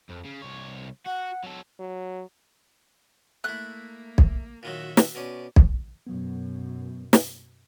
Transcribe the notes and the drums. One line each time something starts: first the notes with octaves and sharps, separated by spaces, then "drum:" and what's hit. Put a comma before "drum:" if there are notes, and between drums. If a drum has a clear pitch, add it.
F2
C#3
C2 C#5
F#4 F#5
F#3 A4
F#3
A3 A#3 E4 F#6
drum: kick B1
A#2 D#3 F#3 F#4 E5
drum: snare
B2 C#4 D5
drum: kick B1
F#2 B2 F#3 B3
drum: snare